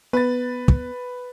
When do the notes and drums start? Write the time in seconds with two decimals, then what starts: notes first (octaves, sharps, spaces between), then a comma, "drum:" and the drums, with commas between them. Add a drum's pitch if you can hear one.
0.13 B3 B4 A6
0.68 drum: kick